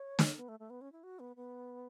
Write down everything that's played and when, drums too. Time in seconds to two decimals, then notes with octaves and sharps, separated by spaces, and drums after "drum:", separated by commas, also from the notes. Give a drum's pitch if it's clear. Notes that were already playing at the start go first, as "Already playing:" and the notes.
Already playing: C#5
0.19 drum: snare
0.37 B3
0.48 A3
0.59 A3
0.70 B3
0.81 C#4
0.92 E4
1.03 F#4
1.19 B3
1.36 B3